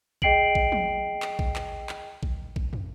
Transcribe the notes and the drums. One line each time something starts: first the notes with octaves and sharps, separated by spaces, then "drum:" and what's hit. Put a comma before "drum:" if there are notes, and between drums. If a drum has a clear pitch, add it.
G#4 D#5 G5 C7 D7 F#7, drum: kick A1
drum: kick A1
drum: tom F3
drum: clap
drum: kick A1
drum: clap
drum: clap
drum: kick A1
drum: kick A1
drum: tom